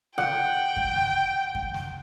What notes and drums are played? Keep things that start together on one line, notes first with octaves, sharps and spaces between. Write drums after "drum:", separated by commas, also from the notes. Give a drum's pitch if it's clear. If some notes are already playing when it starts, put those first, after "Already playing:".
F#5 G5, drum: snare
drum: kick F#2
drum: snare
drum: kick F#2
drum: snare